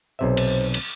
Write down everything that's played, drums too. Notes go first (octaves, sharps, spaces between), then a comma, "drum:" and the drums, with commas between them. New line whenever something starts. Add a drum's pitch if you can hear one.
B1 C3 C5 E5
drum: cymbal
drum: cymbal